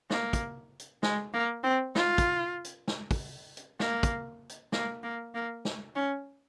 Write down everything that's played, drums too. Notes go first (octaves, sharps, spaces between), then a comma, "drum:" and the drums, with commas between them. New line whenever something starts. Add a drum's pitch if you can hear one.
A#3, drum: snare
drum: kick, hi-hat
drum: hi-hat
G#3, drum: snare
A#3
C4
F4, drum: snare
drum: kick, hi-hat
drum: hi-hat
drum: snare
drum: kick, open hi-hat
drum: hi-hat
A#3, drum: snare
drum: kick, hi-hat
drum: hi-hat
A#3, drum: snare
A#3
A#3
drum: snare
C#4